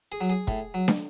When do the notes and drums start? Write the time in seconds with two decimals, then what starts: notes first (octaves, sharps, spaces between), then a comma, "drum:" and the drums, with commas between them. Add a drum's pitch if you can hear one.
0.12 G#4
0.21 F#3
0.30 G#4
0.47 A2, drum: kick
0.74 F#3
0.88 drum: snare